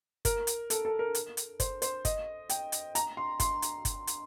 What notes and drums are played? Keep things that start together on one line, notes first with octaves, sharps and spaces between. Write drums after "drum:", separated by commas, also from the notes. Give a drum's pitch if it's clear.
A#4, drum: kick, hi-hat
drum: hi-hat
A4, drum: hi-hat
A4
A#4
drum: hi-hat
drum: hi-hat
C5, drum: kick, hi-hat
C5, drum: hi-hat
D#5, drum: kick, hi-hat
G5, drum: hi-hat
drum: hi-hat
A#5, drum: hi-hat
C6
C6, drum: kick, hi-hat
drum: hi-hat
drum: kick, hi-hat
drum: hi-hat